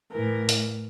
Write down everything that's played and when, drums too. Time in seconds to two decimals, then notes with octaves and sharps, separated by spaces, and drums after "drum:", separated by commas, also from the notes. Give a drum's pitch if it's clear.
0.11 A2 E3 A#4
0.49 drum: hi-hat